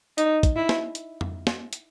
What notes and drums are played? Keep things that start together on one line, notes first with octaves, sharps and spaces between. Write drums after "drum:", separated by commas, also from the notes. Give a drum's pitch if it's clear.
D#4, drum: hi-hat
drum: kick, hi-hat
E4
drum: snare
drum: hi-hat
drum: tom F2
drum: snare
drum: hi-hat